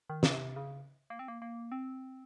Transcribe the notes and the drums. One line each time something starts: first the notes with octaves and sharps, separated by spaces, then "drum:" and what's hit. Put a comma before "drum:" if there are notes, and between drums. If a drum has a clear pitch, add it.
D#3
C#3, drum: snare
C3
C#3
A#3
C4
A#3
A#3
C4